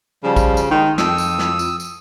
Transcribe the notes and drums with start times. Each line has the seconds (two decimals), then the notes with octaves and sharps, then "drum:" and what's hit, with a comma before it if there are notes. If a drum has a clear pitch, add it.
0.24 C#3 F3 G3
0.36 drum: kick A1, tambourine
0.57 drum: tambourine
0.71 D#3 G#3
0.98 F2 D#6 E6, drum: snare
1.18 drum: tambourine
1.39 drum: snare
1.59 drum: tambourine
1.80 drum: tambourine